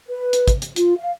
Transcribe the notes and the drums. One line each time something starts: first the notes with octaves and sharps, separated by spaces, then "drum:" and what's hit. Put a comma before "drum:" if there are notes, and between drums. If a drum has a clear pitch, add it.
B4
drum: hi-hat
drum: kick, hi-hat
drum: hi-hat
F4, drum: hi-hat
F5